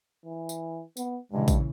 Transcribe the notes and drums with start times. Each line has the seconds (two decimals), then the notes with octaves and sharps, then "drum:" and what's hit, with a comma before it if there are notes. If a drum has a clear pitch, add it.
0.24 E3
0.49 drum: tambourine
0.97 B3, drum: tambourine
1.32 G2 A#2 C#3 E3 G#3
1.48 drum: kick A#1, tambourine